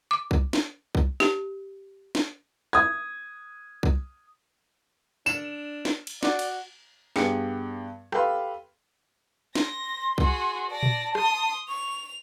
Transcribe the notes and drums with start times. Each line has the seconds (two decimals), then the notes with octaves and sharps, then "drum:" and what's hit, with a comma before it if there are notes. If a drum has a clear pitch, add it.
0.11 D6
0.31 drum: kick C2
0.53 drum: snare
0.95 drum: kick C2
1.20 G4, drum: snare
2.15 drum: snare
2.73 D#6 G#6
3.83 drum: kick C2
5.26 D4 E7, drum: tambourine
5.85 drum: snare
6.07 drum: cymbal
6.23 F#4 D5, drum: snare
6.39 drum: cymbal
7.16 G2 B3 G4 G#4 C#7, drum: snare
8.12 G4 A4 B4 F5 C6, drum: rim click
9.55 C6 A#6, drum: snare
10.18 F#4 G#4, drum: kick C2
10.70 D5 A5 A#6
10.83 drum: tom A#2
11.15 C6 D#6, drum: rim click
11.68 C#6 F7